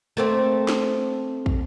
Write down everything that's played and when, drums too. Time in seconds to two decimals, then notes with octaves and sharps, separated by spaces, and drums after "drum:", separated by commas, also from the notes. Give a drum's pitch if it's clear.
0.17 A3 A#3 C4
0.69 drum: snare
1.46 drum: kick